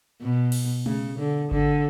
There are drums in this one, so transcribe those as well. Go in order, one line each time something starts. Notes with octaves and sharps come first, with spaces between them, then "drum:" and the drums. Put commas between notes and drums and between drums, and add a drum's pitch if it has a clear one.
B2
drum: cymbal
C#3, drum: tom G#3
D3
D3, drum: kick G#1